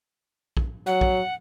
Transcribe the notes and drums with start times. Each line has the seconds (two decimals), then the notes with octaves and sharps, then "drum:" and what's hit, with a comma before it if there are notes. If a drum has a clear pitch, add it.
0.57 drum: kick A#1
0.86 F#3 F#5
1.01 drum: kick A#1